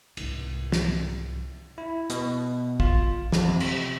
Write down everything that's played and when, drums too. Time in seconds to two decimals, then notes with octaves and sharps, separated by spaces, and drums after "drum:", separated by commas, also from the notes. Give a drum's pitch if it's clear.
0.17 C2 G#2, drum: cymbal
0.72 drum: snare
1.78 E4
2.10 B2, drum: hi-hat
2.80 F4, drum: kick
3.32 F2, drum: snare
3.48 C3
3.60 drum: cymbal